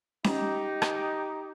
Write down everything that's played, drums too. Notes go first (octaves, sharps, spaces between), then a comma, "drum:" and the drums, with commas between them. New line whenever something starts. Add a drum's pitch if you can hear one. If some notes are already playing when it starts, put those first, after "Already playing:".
D#4 G4, drum: snare C#4
drum: rim click